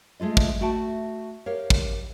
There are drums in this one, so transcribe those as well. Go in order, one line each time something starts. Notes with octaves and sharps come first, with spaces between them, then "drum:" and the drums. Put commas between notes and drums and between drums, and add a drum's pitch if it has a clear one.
G#3 A3 F4 D#5
drum: kick
A3 F#4 G5 A5
G4 A#4 C#5 F5
drum: kick